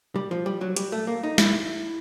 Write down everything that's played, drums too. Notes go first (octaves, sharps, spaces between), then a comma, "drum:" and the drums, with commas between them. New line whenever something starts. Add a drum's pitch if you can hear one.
G3
F3
G3
F#3
G3, drum: hi-hat
A3
A#3
D#4
E4, drum: snare